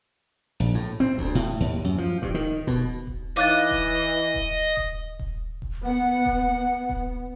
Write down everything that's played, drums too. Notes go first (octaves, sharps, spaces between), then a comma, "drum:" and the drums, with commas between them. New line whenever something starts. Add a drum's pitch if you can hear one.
A#1
A2
C4
D2, drum: kick D#1
A2
D#2
F#2
F3
G2, drum: kick D#1
D#3
B2, drum: kick D#1
drum: kick D#1
E3 D#4 C#5 D#5 F5 D6 F#6 A6
drum: kick D#1
drum: kick D#1
drum: kick D#1
drum: kick D#1
drum: kick D#1
B3 F#5
drum: kick D#1
B3
drum: kick D#1